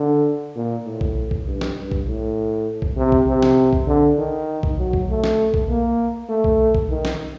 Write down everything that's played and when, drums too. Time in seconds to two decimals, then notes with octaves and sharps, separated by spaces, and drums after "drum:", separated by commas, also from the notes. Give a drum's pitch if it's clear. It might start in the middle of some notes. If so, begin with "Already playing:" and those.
Already playing: D3
0.56 A#2
0.86 A2
1.01 drum: kick B1
1.31 drum: kick B1
1.47 G2
1.61 drum: snare
1.77 G2
1.92 drum: kick B1
2.06 A2
2.82 drum: kick B1
2.97 C3
3.12 drum: kick B1
3.28 C3
3.42 drum: snare
3.73 drum: kick B1
3.87 D3
4.19 D#3
4.63 drum: kick B1
4.78 F#3
4.93 drum: kick B1
5.09 A3
5.24 drum: snare
5.54 drum: kick B1
5.69 A#3
6.29 A3
6.44 drum: kick B1
6.75 drum: kick B1
6.90 D#3
7.05 drum: snare